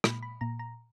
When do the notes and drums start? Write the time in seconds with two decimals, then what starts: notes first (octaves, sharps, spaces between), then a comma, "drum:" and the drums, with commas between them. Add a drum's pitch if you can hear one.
0.04 A#2 B5, drum: rim click
0.23 B5
0.41 A#2 A#5
0.59 A#5